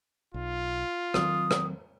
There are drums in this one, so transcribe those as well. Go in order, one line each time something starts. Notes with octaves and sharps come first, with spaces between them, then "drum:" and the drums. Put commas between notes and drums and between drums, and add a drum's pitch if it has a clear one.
B1 F4
D#3 F#3 C4 D#6, drum: rim click
drum: rim click